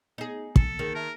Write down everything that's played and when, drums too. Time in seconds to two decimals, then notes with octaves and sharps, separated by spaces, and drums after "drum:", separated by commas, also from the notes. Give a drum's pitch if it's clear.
0.18 B3 D#4 G#4
0.56 A4, drum: kick
0.79 D#3 A#3 G#4 A#4
0.95 A#4 E5 A5